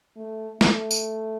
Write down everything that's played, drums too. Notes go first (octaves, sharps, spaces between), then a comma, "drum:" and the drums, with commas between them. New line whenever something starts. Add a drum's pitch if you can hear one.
A3
A3, drum: snare
drum: tambourine